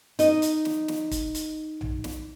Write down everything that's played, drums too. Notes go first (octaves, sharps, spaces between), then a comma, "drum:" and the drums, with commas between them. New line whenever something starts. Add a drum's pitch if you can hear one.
D#4 D#5, drum: hi-hat
drum: hi-hat
drum: snare
drum: snare
drum: kick, hi-hat
drum: hi-hat
drum: tom A#1
drum: snare